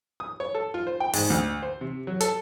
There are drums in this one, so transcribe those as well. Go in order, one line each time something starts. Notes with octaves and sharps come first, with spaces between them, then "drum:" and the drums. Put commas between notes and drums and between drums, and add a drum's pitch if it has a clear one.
D#6
C#5
A4
F4
C5
G5
G#2, drum: open hi-hat
D2
C5
C3
F#3
A4, drum: hi-hat